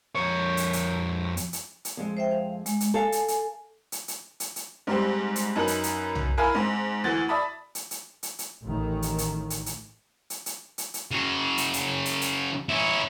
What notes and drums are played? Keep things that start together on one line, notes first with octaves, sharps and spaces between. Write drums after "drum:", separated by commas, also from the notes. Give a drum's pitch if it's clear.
F2 C#5
drum: hi-hat
drum: hi-hat
drum: hi-hat
drum: hi-hat
drum: hi-hat
F2 G#3
C5 E5 G5
F5
G#3, drum: hi-hat
drum: hi-hat
A4 F5 G#5
drum: hi-hat
drum: hi-hat
drum: hi-hat
drum: hi-hat
drum: hi-hat
drum: hi-hat
G#2 G3 C4
drum: hi-hat
F#2 D#4 A#4 B4 F#7
drum: hi-hat
drum: hi-hat
drum: tom B1
E4 A#4 F5 G#5 B5
G#2 C4
D2 E3 A6
D5 E5 A5 B5 D#6
drum: hi-hat
drum: hi-hat
drum: hi-hat
drum: hi-hat
A1 D#3
drum: hi-hat
drum: hi-hat
drum: hi-hat
drum: hi-hat
drum: hi-hat
drum: hi-hat
drum: hi-hat
drum: hi-hat
C#3 F#3
drum: hi-hat
drum: hi-hat
drum: hi-hat
drum: hi-hat
C#4 E4